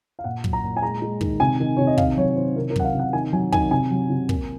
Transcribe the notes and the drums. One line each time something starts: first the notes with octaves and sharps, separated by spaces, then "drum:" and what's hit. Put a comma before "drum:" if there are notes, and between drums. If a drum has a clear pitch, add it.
F5
A#2 F#5
F#3, drum: kick
A#5
A#2
G#5
G#3 A#5
G#3
D#3, drum: kick
C3 G#5
D#3
C3 C#5
D#5
D#3 F5, drum: kick
F#3 C#5
D#3 C5
C3 A#4
A#4
F#3 F#5, drum: kick
F5
C3 F#5
D#3 G#5
F#3 G#5
D#3 G#5, drum: kick
C3 G#5
F#3
C3
A#3, drum: kick